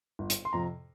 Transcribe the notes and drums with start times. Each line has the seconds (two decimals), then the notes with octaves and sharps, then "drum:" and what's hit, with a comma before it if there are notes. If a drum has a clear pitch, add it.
0.19 G1
0.30 drum: hi-hat
0.45 C6
0.53 F2 C3 F3 A#5